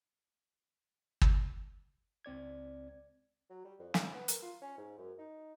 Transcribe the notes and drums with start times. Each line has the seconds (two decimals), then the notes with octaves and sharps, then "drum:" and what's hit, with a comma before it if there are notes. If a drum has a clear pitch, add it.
1.21 drum: kick
2.25 C#2 C4 D5 G#6
3.50 F#3
3.65 G3
3.79 F2
3.94 A2, drum: snare
4.14 B3
4.28 A#4, drum: hi-hat
4.42 F4
4.62 C#4
4.78 G#2
4.98 F#2
5.19 D#4